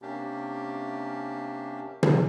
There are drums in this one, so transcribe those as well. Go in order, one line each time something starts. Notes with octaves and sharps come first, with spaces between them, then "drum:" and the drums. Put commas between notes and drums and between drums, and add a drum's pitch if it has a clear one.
C3 A#3 C#4 D4 G4
drum: tom